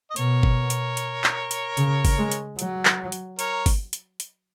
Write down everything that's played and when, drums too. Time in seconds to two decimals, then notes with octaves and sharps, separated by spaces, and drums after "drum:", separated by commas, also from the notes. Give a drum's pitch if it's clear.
0.10 D#5
0.16 B2 A#4 C#5, drum: hi-hat
0.43 drum: kick G1
0.70 drum: hi-hat
0.97 drum: hi-hat
1.24 drum: clap
1.51 drum: hi-hat
1.77 C#3, drum: hi-hat
2.05 drum: kick G1, open hi-hat
2.18 G#3
2.32 drum: hi-hat
2.59 F#3, drum: hi-hat
2.85 drum: clap
3.12 drum: hi-hat
3.39 A#4 C#5, drum: hi-hat
3.66 drum: kick G1, open hi-hat
3.93 drum: hi-hat
4.20 drum: hi-hat